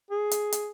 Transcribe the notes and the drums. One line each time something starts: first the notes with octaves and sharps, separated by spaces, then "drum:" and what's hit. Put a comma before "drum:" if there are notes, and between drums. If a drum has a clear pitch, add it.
G#4
drum: hi-hat
drum: hi-hat